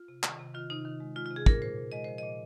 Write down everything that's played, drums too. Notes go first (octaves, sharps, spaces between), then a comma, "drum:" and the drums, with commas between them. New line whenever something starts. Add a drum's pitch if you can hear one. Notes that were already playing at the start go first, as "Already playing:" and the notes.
Already playing: F4
C3
D#3, drum: clap
C3
D#3 F4
C3 D#4
D#3
G#3
G#3 F4
F4
C3
G#4
A#2 A#4, drum: kick
A#2 C5
A#2
G#3 D#5
F3 C5
A#2 D#5